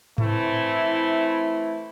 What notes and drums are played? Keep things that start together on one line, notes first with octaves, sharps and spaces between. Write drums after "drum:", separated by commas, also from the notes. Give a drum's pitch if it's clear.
E3 A3 C4 E4, drum: tom G#2